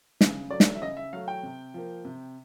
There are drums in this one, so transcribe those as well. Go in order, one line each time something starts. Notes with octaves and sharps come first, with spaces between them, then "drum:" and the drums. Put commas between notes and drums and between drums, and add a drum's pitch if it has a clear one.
C#3, drum: snare
F#3 A3 D5
drum: snare
E5
C#3 D#5
E5
F#3 A3 F5
G5
C3
F3 A#3
C3